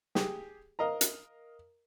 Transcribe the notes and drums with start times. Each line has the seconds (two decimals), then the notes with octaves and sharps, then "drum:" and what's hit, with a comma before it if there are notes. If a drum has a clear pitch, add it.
0.15 G4 G#4, drum: snare
0.79 A#4 D#5 F5 A#5
1.01 drum: hi-hat